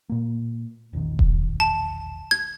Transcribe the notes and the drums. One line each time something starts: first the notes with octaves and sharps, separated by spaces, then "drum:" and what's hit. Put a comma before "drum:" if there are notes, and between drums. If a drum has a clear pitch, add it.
A#2 A#3
E1 A#1 D#3
drum: kick D#1
A5
G#6